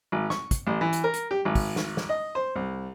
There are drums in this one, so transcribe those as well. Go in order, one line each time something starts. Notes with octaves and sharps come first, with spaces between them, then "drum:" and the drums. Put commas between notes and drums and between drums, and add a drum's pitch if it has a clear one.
G#1
C#6, drum: snare
drum: kick, hi-hat
A1
E3
drum: hi-hat
A#4
drum: hi-hat
G4
G#1
drum: kick, open hi-hat
drum: snare
drum: snare
D#5
C5
C2